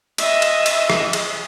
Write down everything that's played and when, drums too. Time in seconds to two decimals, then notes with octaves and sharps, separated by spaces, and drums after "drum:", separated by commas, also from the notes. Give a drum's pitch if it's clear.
0.18 D#5 E5, drum: cymbal
0.42 drum: cymbal
0.66 drum: cymbal
0.90 drum: rim click
1.13 drum: cymbal